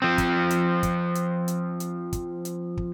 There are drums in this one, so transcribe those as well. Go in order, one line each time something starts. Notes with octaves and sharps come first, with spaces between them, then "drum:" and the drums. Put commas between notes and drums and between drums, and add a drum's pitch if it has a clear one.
F3 C4
drum: kick, hi-hat
drum: hi-hat
drum: kick, hi-hat
drum: hi-hat
drum: hi-hat
drum: hi-hat
drum: kick, hi-hat
drum: hi-hat
drum: kick